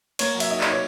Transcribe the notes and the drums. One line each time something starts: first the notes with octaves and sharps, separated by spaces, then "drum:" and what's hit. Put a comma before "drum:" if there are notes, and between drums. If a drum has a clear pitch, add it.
A#3 C#5, drum: cymbal
F#3
E5, drum: cymbal
D#4 D#5
D#4 D5, drum: clap
C#5